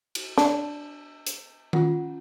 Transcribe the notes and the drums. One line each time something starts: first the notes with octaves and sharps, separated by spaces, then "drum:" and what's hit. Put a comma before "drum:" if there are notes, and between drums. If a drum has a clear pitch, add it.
drum: cymbal
D4, drum: snare
drum: hi-hat
C#4 F4 F#5, drum: tom D#3